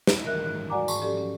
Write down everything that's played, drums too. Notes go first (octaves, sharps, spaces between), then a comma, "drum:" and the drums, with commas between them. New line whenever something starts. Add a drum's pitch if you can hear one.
drum: snare
D#3 E3 A#4 E5 F#6
G#2 F#6
F#4 D5 F#5 G#5 A#5 D6
G#2 A5 C#6, drum: tambourine
F3 C#4 G4 A4 D5
F#3 C#4